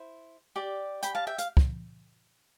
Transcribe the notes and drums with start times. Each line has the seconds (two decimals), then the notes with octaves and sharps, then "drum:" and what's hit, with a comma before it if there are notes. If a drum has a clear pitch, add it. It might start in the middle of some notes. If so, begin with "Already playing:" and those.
Already playing: E4 C5
0.56 G4 D5
1.03 G5 B5, drum: hi-hat
1.15 F5 A5
1.27 E5 G5
1.38 F5, drum: hi-hat
1.57 drum: kick